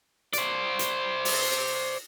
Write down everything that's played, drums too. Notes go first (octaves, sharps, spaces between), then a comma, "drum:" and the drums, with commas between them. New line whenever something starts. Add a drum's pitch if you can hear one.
C5 D5, drum: hi-hat
drum: hi-hat
drum: open hi-hat